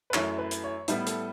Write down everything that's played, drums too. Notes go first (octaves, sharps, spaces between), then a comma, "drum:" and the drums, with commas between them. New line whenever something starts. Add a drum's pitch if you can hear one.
B4
F#2 E3 A3 C#5, drum: clap
B4
drum: hi-hat
C#5
A2 G3 B3 E5, drum: hi-hat
A4, drum: hi-hat